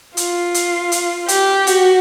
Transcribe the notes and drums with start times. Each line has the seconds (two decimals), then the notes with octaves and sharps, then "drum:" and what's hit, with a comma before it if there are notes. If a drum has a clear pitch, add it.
0.17 F4, drum: hi-hat
0.54 drum: hi-hat
0.92 drum: hi-hat
1.28 G4, drum: hi-hat
1.67 F#4, drum: hi-hat